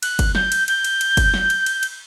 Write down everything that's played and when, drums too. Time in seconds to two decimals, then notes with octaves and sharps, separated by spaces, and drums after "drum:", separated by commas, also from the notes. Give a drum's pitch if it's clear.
0.03 F#6, drum: cymbal
0.19 drum: kick G1, cymbal
0.35 G6, drum: snare
0.52 drum: cymbal
0.68 G6, drum: cymbal
0.84 drum: cymbal
1.01 drum: cymbal
1.17 drum: kick G1, cymbal
1.34 drum: snare
1.50 drum: cymbal
1.66 drum: cymbal
1.83 drum: cymbal